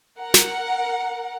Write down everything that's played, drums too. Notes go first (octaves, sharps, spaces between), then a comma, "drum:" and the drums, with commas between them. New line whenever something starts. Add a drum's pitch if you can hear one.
A#4 F#5
drum: snare